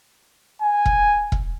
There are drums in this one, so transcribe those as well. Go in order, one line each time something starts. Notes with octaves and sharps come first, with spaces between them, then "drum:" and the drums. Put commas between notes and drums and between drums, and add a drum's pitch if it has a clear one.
G#5
drum: kick E1
drum: kick E1